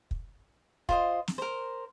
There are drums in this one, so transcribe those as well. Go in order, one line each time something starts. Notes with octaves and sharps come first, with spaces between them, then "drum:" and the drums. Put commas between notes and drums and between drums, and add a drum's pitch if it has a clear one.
drum: kick
F4 C5 D#5, drum: kick
drum: snare
A#4 C5